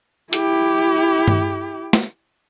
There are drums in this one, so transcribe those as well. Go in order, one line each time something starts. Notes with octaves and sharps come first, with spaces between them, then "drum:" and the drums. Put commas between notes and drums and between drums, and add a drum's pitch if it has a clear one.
E4 G4, drum: hi-hat
drum: tom G2
drum: snare